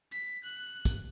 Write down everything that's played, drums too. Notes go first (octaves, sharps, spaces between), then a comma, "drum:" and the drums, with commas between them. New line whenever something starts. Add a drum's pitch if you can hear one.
B6
F#6
drum: kick, hi-hat